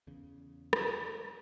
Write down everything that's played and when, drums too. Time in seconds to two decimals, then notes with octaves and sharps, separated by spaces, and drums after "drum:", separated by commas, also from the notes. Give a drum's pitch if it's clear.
0.07 E2 C#3
0.73 drum: rim click